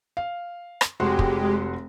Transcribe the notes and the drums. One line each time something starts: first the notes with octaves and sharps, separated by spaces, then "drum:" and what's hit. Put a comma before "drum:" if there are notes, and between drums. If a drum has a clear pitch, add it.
F5
drum: rim click
F1 G#3 F#4 G4 C6
drum: kick